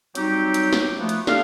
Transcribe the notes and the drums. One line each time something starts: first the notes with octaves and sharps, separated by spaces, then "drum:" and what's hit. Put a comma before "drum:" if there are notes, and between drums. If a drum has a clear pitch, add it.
F#3 G3 C4 D#4 G4, drum: hi-hat
drum: hi-hat
drum: snare
F3 A3 B3
drum: hi-hat
D4 G4 A4 F5, drum: snare